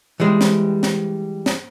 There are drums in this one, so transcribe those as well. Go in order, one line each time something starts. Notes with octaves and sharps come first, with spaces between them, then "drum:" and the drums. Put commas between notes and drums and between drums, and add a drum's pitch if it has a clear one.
E3 G3 G#3
drum: snare
drum: snare
drum: snare